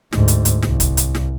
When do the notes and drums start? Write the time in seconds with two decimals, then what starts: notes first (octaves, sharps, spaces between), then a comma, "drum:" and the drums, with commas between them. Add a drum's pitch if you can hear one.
0.12 D2 G#2, drum: snare
0.28 drum: hi-hat
0.45 drum: hi-hat
0.62 C2, drum: snare
0.80 drum: kick, hi-hat
0.97 drum: hi-hat
1.15 drum: snare